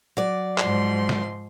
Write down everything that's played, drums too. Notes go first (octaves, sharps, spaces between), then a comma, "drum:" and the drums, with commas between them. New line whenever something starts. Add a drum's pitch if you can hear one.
F#3 D5
G#2 F3 C6, drum: clap
drum: snare